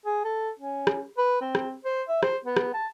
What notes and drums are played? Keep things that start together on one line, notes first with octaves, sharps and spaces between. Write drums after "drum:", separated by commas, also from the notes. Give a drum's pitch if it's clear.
G#4
A4
C#4
drum: rim click
B4
C4
drum: rim click
C5
E5
C5, drum: rim click
B3
drum: rim click
A5